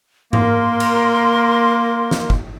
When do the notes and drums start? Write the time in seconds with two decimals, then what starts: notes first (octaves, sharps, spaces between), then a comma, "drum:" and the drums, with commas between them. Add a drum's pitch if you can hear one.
0.33 A#3 A#4 C6, drum: tom G#2
0.80 drum: cymbal
2.11 drum: snare
2.30 drum: kick